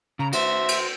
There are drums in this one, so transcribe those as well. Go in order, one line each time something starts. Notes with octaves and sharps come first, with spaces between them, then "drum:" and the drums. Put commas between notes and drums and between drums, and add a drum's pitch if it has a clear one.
C#3 A#5
F#4 C5 E5, drum: cymbal
drum: cymbal